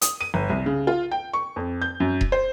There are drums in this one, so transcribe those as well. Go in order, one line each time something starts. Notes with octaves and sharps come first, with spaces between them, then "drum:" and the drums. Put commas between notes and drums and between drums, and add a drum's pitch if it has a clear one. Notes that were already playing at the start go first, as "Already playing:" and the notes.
D#6, drum: hi-hat
D#7
G1
C2
C#3
F4
G5
C#6
F2
G6
F#2
drum: kick E1
C5